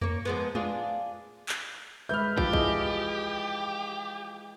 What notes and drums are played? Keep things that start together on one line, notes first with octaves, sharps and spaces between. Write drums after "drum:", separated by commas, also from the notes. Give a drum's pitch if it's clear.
A#3 C#5, drum: tom E2
F3 G#3 B3
D4 F4 G#4, drum: tom G#3
drum: clap
G#3 B4 E5 F6 G6
F3 G4, drum: kick
E4 G#4 D#5, drum: kick